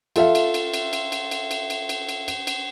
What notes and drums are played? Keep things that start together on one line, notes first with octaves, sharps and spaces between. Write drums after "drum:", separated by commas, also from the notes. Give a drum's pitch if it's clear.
F4 A4 E5 F5, drum: cymbal
drum: cymbal
drum: cymbal
drum: cymbal
drum: cymbal
drum: cymbal
drum: cymbal
drum: cymbal
drum: cymbal
drum: cymbal
drum: cymbal
drum: cymbal
drum: cymbal